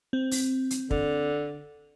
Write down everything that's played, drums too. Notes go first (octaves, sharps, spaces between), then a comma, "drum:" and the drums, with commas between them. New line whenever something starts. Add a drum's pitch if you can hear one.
C4
drum: open hi-hat
drum: hi-hat
D3, drum: kick